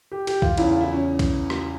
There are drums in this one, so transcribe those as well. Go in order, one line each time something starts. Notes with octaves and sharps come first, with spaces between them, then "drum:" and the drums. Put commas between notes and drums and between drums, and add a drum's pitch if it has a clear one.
G4
G4, drum: cymbal
F4, drum: kick
E2 C#3 E3 E4, drum: cymbal
F4
E4
C#4
drum: kick, cymbal
drum: rim click